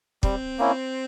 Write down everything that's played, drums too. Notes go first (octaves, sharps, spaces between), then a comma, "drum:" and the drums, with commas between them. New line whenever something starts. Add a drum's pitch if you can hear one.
G3 C4, drum: kick
A#3 C#4 E4